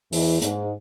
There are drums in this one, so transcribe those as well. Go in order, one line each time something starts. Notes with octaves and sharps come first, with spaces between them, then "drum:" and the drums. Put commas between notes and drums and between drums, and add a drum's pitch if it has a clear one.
E2 E3, drum: open hi-hat
G#2, drum: hi-hat